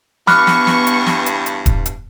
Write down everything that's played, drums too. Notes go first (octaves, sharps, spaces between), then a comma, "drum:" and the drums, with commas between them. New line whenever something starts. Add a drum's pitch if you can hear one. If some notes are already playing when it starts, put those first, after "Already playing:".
E2 G2 B3 B5 C#6 D6 F6 F#6, drum: snare
drum: snare
drum: snare
drum: hi-hat
drum: snare
drum: hi-hat
drum: hi-hat
drum: kick D#1, hi-hat
drum: hi-hat